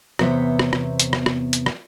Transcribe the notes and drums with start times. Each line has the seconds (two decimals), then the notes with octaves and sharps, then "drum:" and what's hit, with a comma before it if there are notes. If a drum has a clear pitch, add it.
0.19 E2 C3 B3 C5 C#5 E5, drum: rim click
0.59 drum: rim click
0.73 drum: rim click
1.00 drum: hi-hat
1.13 drum: rim click
1.26 drum: rim click
1.53 drum: hi-hat
1.66 drum: rim click